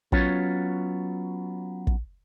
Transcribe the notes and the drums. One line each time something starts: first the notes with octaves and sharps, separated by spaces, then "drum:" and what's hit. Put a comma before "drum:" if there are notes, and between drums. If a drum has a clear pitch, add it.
F#3 B3 C#4 F4 C#5, drum: kick
drum: kick